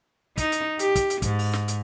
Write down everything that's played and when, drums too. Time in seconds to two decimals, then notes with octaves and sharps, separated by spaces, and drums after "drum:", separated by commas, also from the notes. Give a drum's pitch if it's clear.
0.38 D#4, drum: kick, hi-hat
0.52 drum: hi-hat
0.79 G4, drum: hi-hat
0.95 drum: kick, hi-hat
1.10 drum: hi-hat
1.22 G#2, drum: kick, hi-hat
1.39 drum: open hi-hat
1.53 drum: snare
1.68 drum: hi-hat